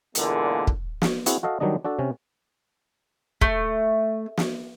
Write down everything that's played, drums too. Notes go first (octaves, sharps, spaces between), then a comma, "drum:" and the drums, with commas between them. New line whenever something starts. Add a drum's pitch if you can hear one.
E2 A#2 D3 G#3 A#3, drum: hi-hat
drum: kick
drum: snare
C4 E4 F#4 G#4, drum: hi-hat
F#4 A4 D#5 F5
D#3 F#3 G3 D4 D#5
D4 F#4 A4
C3 C#4
A3, drum: kick
drum: snare